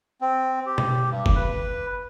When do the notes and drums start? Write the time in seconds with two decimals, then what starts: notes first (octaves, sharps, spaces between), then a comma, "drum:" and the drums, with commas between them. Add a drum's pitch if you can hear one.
0.21 C4
0.66 G4
0.78 drum: tom B2
1.10 G2
1.26 drum: kick F#1
1.35 B4